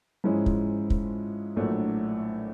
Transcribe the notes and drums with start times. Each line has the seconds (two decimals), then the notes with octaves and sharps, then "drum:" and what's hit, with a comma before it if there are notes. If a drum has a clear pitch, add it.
0.24 G#2 F3 G#3 C#4 E4
0.46 drum: kick
0.90 drum: kick
1.56 A#1 A2 F#3 A3 D4